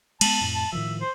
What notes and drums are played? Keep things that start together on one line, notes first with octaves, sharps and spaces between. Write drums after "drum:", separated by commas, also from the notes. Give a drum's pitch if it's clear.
G#3 B3 A5, drum: cymbal
F2 A2
A5
A2 D#3 F3 E5
C5